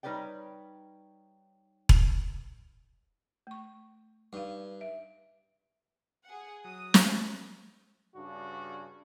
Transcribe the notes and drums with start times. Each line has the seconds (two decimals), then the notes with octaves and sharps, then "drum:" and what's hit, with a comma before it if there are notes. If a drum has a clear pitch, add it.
0.03 G3 D#4 B4 C#5 D5 G5
1.89 drum: kick E1
3.47 A3 C#6
4.33 G2 D#4 F5
4.81 E5
6.25 G#4 F#5
6.64 F#3 D#6
6.94 drum: snare
8.15 G2 C#3 D4 F#4